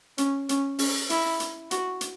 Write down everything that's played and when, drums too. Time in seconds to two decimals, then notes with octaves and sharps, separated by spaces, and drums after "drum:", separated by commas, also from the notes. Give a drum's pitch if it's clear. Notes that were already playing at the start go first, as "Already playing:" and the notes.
0.18 C#4, drum: hi-hat
0.49 C#4, drum: hi-hat
0.79 C#4, drum: open hi-hat
1.10 E4, drum: hi-hat
1.40 drum: hi-hat
1.71 F#4, drum: hi-hat
2.01 drum: hi-hat